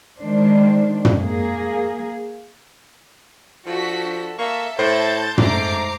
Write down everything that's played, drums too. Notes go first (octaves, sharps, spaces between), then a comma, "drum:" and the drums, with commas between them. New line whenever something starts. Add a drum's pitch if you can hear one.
D#3 G#3 D4 C5
drum: tom
A#3 G#4
F3 D4 F#4 A4 B6
A#3 A4 E5 C#6
A2 C5 E5 A5 G6 A6
G#2 A3 A#5 D6 C7, drum: tom